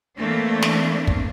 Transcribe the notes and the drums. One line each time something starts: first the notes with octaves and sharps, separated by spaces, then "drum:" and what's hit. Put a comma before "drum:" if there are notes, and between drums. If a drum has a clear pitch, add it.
E3 A3 A#3 C4 D4
drum: snare
drum: kick